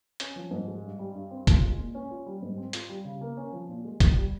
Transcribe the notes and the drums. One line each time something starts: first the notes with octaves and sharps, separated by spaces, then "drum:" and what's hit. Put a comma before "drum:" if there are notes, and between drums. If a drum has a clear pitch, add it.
C#4, drum: hi-hat
F3
G#2
G#3
G2
G3
G2
C4
F4, drum: kick, hi-hat
G#3
A#2
C#4
F4
G3
G#2
C4
F4, drum: hi-hat
G3
C#3
A#3
C#4
F3
A#2
G#3
F4, drum: kick, hi-hat
G3